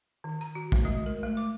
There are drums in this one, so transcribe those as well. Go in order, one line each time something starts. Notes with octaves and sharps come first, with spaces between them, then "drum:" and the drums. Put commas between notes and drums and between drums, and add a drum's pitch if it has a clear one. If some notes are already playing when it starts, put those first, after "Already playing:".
D#3
A#5
F#4
A3, drum: kick
G#3
A#4
A3
D6